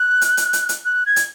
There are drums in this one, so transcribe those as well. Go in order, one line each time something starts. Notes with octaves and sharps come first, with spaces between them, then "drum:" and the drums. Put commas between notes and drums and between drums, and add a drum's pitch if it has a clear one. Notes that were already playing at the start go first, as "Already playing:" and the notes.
Already playing: F#6
drum: hi-hat
drum: hi-hat
drum: hi-hat
drum: hi-hat
F#6
G#6
drum: hi-hat